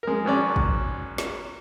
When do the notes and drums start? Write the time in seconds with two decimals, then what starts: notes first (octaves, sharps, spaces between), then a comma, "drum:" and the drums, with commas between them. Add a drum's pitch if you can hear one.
0.03 G#3 A#4
0.25 G#1 F#3 C#4 D5
0.56 drum: kick
1.18 drum: snare